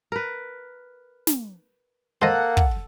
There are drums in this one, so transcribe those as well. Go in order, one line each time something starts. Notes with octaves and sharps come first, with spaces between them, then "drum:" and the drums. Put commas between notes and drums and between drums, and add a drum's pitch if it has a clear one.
A#4 B4
drum: snare
A#3 A4 C5 D#5 F#5
drum: kick